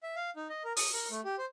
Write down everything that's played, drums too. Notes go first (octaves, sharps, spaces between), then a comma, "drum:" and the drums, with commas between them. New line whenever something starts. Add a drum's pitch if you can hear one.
E5
F5
D#4
D#5
A#4
D#6, drum: open hi-hat
A#4
A3
G4
C5